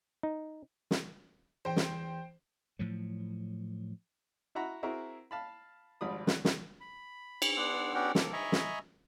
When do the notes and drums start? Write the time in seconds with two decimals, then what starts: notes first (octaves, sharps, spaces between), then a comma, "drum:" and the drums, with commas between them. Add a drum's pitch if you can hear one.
0.23 D#4
0.91 drum: snare
1.65 E2 C5 G5
1.76 drum: snare
2.79 A2 F3 F#3
4.55 E4 F#4 F#5 A#5 B5
4.83 C4 E4 F#4 G#4 A#4
5.31 F5 A5 B5
6.01 G#1 F3 G3 B5 D#6
6.27 F#6, drum: snare
6.45 drum: snare
6.80 B5
7.42 drum: cymbal
7.57 B3 D4 F#5 C6 E6
7.94 B3 C#4 D4 F#4 F#5 G5
8.15 A#3 A4, drum: snare
8.33 D#5 E5 G#5 A#5 B5 C#6
8.52 drum: snare